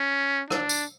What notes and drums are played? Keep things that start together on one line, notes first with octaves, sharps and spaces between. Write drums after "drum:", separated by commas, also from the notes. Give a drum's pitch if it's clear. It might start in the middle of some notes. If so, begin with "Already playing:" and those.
Already playing: C#4
D4, drum: rim click
drum: tambourine